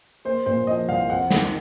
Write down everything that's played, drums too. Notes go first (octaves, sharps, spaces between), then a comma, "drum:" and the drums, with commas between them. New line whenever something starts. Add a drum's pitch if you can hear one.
A#3 C5
A#2 C5
F3 D#5
C2 F5
F2 F#5
D#3, drum: snare